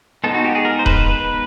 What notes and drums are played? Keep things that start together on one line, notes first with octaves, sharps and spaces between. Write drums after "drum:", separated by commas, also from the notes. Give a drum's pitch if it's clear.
G#3 B3 D#4 A4
F#4
G4
G#4
A#4
C5
B4, drum: kick D#1
B4